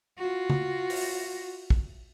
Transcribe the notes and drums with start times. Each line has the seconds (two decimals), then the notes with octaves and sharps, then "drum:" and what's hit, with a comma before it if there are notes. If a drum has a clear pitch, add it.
0.18 F4 F#4
0.50 drum: tom C#3
0.90 drum: open hi-hat
1.70 drum: kick